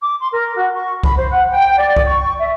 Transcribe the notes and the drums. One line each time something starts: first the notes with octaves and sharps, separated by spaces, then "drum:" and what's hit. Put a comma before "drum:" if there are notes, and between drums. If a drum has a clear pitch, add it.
D6
C6
A#4
F#4
C#6
B5, drum: kick C2
C5
F#5
G5
D5
drum: kick C2
C#6
E5